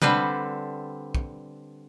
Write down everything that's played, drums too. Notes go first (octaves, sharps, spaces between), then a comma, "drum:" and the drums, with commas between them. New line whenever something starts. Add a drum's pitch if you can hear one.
D3 G3 C4 A4 B4 C5, drum: tom C3
drum: kick